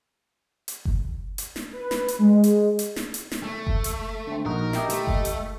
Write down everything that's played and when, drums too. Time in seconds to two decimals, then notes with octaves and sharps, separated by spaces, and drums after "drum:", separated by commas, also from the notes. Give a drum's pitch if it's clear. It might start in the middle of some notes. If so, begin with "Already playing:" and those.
0.68 drum: hi-hat
0.85 drum: kick F#1
1.38 drum: hi-hat
1.56 drum: snare
1.73 B4
1.91 drum: snare
2.08 drum: hi-hat
2.19 G#3
2.44 drum: hi-hat
2.79 drum: hi-hat
2.96 drum: snare
3.14 drum: hi-hat
3.31 drum: snare
3.43 A3
3.67 drum: kick F#1
3.84 drum: hi-hat
4.27 D3 C4
4.46 A#1 D#4 F#4 A#4
4.73 E4 G4 D#5, drum: snare
4.90 A3, drum: hi-hat
5.07 drum: kick F#1
5.25 drum: hi-hat